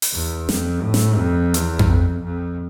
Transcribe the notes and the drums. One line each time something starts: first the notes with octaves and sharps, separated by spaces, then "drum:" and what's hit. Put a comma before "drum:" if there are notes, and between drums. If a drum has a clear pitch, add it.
drum: open hi-hat
E2
F2, drum: snare
A2
drum: snare
F2
E2, drum: hi-hat
drum: tom F2
F2
F2